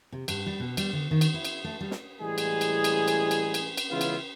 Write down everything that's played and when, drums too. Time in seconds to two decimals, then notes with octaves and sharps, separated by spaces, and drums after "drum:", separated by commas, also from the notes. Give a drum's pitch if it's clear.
0.12 C3
0.28 G2, drum: cymbal
0.46 G3
0.60 B2
0.77 G3, drum: cymbal
0.93 D3
1.11 D#3
1.21 drum: cymbal
1.34 E4
1.45 drum: cymbal
1.64 A3
1.81 G3
1.91 drum: snare
2.20 A2 E3 G3 G#3 G#4
2.38 drum: cymbal
2.61 drum: cymbal
2.84 drum: cymbal
3.08 drum: cymbal
3.31 drum: cymbal
3.54 drum: cymbal
3.78 drum: cymbal
3.90 C#3 E3 G#3 B3 E4 F4
4.01 drum: cymbal